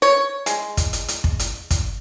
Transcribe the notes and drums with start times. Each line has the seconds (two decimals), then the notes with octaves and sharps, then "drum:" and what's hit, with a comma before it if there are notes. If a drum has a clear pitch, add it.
0.02 C#5
0.46 G#3, drum: hi-hat
0.77 drum: kick, hi-hat
0.93 drum: hi-hat
1.08 drum: hi-hat
1.24 drum: kick
1.39 drum: hi-hat
1.71 drum: kick, hi-hat